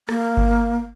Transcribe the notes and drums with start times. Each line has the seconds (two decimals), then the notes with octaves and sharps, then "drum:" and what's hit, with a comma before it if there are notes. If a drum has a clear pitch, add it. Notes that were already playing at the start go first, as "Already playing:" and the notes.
0.09 A#3, drum: rim click
0.37 drum: kick G1